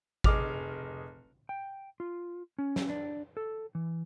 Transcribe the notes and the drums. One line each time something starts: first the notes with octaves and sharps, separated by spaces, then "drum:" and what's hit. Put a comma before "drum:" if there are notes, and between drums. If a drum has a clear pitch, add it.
F1 G#4 D#5 D6 F6 F7, drum: kick G#1
G5
F4
C#4
drum: snare
D4
A4
E3